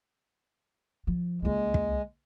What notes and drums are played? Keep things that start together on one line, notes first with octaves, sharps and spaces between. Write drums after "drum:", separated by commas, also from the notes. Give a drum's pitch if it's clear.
F3
C#2 G#3 A#3
drum: kick